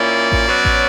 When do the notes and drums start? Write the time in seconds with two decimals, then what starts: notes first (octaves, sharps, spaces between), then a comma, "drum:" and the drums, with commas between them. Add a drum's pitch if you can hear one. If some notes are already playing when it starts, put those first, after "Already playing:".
Already playing: A#2 A#3 C#4 E4 D5
0.32 drum: kick A1
0.47 B2 F#3 C#4
0.65 drum: kick A1